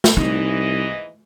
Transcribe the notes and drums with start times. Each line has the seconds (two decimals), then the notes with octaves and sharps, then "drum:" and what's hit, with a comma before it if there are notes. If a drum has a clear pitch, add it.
0.04 drum: snare
0.17 C2 G#2 E3 D#4 D#5